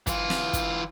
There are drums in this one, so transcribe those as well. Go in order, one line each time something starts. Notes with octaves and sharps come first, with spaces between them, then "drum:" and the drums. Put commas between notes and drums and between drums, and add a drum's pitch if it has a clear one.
E3 F4, drum: kick, hi-hat
drum: snare
drum: kick, hi-hat